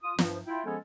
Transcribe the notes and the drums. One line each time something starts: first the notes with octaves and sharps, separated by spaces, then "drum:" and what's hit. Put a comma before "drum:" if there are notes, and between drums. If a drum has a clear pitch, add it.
F4 D#6
G2 F3, drum: snare
E4 F4 G5
F3 G#3 B3 C#4 G#4 A4